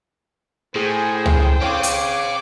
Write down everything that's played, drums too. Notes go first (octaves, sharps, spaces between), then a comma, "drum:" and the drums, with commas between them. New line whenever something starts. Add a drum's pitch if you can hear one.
A2 G#4 C5 G5
drum: tom C#2
C#5 F5 D6
drum: hi-hat